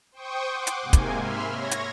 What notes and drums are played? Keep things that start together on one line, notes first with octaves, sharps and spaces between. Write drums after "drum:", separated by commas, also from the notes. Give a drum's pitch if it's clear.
C5 G5 C#6 D#6
F#5 C6 D6
drum: hi-hat
G#2 C3 A#3 G#5
drum: kick, hi-hat
E5 B5 C6 F6
C#5 G#6 A#6
drum: hi-hat